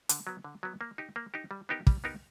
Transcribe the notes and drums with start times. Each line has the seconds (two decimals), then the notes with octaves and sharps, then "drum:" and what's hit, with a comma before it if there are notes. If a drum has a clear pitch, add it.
0.09 D3, drum: hi-hat
0.27 F#3 B3
0.44 D3
0.63 F#3 B3
0.81 A#3
0.98 D#4 G4
1.16 A#3
1.34 D#4 G4
1.51 G3
1.69 B3 D#4 G4 A#4
1.87 G3, drum: kick
2.04 B3 D#4 G4 A#4